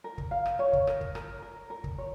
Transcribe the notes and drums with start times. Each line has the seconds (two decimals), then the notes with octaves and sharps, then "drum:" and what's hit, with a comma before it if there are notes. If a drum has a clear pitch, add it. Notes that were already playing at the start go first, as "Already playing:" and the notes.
0.04 A#4
0.18 drum: kick
0.31 F5
0.46 drum: rim click
0.59 C#5
0.73 drum: kick
0.87 A#4, drum: rim click
1.01 drum: kick
1.15 A#4, drum: rim click
1.42 A#4
1.70 A#4
1.84 drum: kick
1.98 C#5